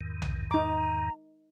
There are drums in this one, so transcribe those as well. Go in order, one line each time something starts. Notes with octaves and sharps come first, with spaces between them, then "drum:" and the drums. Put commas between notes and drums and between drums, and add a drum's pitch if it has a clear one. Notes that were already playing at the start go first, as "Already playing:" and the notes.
E2 G#2 D#3
drum: tom B1
D#4 A#5 D6